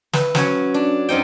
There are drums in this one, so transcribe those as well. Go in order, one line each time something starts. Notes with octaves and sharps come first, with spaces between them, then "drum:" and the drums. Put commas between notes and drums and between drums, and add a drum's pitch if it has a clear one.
B4 E5, drum: snare
F#3 C#4 C#5, drum: snare
D4
F#2 C4 D#4 G5